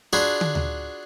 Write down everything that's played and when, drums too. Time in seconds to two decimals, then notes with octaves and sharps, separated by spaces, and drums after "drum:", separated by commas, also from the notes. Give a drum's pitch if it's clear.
0.13 D4 F4 F#4 G#4 D5 B5
0.41 drum: tom
0.55 drum: tom D2